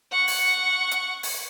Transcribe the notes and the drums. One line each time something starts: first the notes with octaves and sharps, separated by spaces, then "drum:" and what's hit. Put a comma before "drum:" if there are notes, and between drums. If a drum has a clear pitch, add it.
F#5 C#6
drum: open hi-hat
drum: hi-hat
drum: open hi-hat